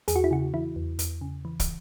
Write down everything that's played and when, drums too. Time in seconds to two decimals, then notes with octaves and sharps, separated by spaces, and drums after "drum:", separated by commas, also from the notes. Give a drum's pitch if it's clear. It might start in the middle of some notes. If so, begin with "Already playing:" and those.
0.08 E2 G#4, drum: hi-hat
0.16 F#4
0.24 E4
0.31 C#3 F#4
0.54 E3 E4
0.76 E2
0.99 E2, drum: hi-hat
1.21 C#3
1.45 E3
1.60 drum: kick, hi-hat